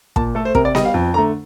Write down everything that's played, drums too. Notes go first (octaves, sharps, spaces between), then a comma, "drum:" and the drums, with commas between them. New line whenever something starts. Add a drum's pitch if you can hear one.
A#2 A5, drum: kick
A3 A4
C5
C3 A#4, drum: kick
D5
G3 D#5, drum: snare B3
F5
F2
D3 A3 A#5